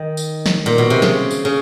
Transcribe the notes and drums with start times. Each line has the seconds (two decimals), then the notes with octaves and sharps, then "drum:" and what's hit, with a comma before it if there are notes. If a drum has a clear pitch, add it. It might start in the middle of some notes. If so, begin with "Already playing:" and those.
Already playing: D#3
0.17 drum: tambourine
0.46 drum: snare
0.66 A#2
0.78 B2
0.90 C3
1.02 C#3, drum: snare
1.31 drum: tambourine
1.45 C#3